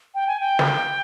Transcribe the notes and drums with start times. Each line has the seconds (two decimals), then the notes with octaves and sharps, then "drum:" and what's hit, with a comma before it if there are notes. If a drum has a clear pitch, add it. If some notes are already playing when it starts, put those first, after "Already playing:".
0.15 G5
0.28 G#5
0.40 G5
0.59 drum: snare